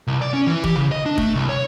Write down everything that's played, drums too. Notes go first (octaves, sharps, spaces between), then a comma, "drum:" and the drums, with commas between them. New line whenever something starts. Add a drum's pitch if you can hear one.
C2
D5
C#4
E3
G4, drum: kick
C#3
D#5
D4
A3, drum: kick
C2
C#5